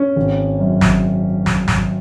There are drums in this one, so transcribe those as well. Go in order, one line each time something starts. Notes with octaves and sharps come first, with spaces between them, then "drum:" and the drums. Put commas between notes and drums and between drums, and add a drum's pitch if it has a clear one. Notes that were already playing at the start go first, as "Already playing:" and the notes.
Already playing: C#4
G#1
F#2
drum: snare
drum: snare
drum: snare